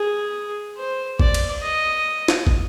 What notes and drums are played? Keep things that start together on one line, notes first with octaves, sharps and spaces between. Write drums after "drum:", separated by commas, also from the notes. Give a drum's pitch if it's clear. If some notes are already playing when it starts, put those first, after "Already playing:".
Already playing: G#4
C5
D5, drum: kick
drum: cymbal
D#5
drum: snare
drum: kick